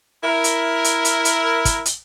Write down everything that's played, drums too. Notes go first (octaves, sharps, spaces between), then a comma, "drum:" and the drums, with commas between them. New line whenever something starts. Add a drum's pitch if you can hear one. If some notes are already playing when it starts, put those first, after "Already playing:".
E4 A#4
drum: hi-hat
drum: hi-hat
drum: hi-hat
drum: hi-hat
drum: kick, hi-hat
drum: hi-hat